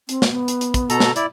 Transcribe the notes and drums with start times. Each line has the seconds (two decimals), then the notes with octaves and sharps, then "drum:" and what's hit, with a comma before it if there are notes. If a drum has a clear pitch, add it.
0.09 C4, drum: hi-hat
0.22 drum: snare
0.31 B3
0.48 drum: hi-hat
0.61 drum: hi-hat
0.74 drum: kick, hi-hat
0.90 B2 A4 A#5, drum: hi-hat
1.00 drum: snare
1.16 E4 D5, drum: hi-hat